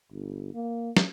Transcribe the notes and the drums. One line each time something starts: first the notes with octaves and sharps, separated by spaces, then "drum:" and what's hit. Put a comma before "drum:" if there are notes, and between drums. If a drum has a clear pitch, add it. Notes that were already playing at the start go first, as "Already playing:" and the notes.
G1
A#3
drum: snare